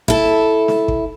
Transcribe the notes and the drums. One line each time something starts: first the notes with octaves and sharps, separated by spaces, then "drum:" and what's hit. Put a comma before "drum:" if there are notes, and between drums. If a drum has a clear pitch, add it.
E4 A4, drum: kick
drum: snare
drum: kick